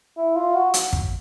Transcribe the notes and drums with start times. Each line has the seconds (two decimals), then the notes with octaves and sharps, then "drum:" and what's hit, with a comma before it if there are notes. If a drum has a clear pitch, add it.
0.17 E4
0.36 F4
0.55 F#4
0.74 drum: hi-hat
0.93 drum: kick